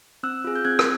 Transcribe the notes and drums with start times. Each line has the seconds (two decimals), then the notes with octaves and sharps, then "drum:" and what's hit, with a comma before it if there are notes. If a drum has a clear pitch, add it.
0.23 C4 E6 F#6
0.44 F4 G#4
0.56 G6
0.65 C4 F#6 G#6
0.79 drum: rim click